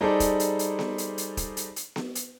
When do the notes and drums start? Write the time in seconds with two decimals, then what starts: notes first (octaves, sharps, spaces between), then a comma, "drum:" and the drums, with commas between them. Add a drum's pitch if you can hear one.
0.01 G3 D#4 G#4 A4 C5 D5
0.20 drum: kick, hi-hat
0.40 drum: hi-hat
0.59 drum: hi-hat
0.79 drum: snare B3
0.98 drum: hi-hat
1.18 drum: hi-hat
1.37 drum: kick, hi-hat
1.57 drum: hi-hat
1.76 drum: hi-hat
1.96 drum: snare B3
2.15 drum: hi-hat